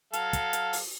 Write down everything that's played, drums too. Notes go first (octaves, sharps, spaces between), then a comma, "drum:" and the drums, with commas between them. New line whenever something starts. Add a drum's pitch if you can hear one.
F#3 A4 F5, drum: hi-hat
drum: kick, hi-hat
drum: hi-hat
drum: open hi-hat